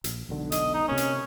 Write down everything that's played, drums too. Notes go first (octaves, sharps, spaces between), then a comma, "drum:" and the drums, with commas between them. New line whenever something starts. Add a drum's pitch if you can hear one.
A#1, drum: hi-hat
E1 B1 D3
D#5, drum: hi-hat
D#4
C3 A#3 C#4
drum: hi-hat